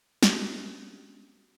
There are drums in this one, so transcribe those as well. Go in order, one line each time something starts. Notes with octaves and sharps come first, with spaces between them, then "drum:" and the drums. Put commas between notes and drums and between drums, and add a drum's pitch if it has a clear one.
G#3 B3 C#4 D4 F#4 G4, drum: snare